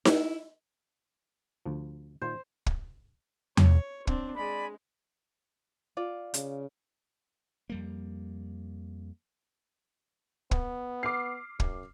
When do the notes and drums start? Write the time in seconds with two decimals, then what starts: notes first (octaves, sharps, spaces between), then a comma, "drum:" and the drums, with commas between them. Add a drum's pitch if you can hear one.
0.05 E4, drum: snare D#4
1.66 D2 F3
2.22 A#2 D#3 F4 C5
2.66 drum: kick
3.57 C#5, drum: tom E2
4.07 C4 D4, drum: kick
4.37 G#3 D5 G#5 B5
5.97 F4 D5
6.34 C#3, drum: hi-hat
7.70 F2 G3 A#3
10.51 B3, drum: kick
11.03 D6 F6 C7
11.60 F#2, drum: kick